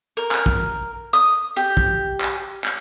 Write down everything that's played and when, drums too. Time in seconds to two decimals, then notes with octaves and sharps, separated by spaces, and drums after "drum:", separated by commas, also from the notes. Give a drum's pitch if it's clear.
0.17 A#4
0.31 drum: clap
0.46 drum: kick
1.13 D#6
1.56 G4
1.77 drum: kick
2.21 drum: clap
2.64 drum: clap